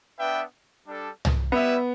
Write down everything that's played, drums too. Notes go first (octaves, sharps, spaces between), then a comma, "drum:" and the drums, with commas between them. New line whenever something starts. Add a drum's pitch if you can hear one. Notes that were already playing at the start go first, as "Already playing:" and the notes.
B3 D4 B4 E5 G5
G3 D4 A4
drum: tom
G3 B3 E4 B4 E5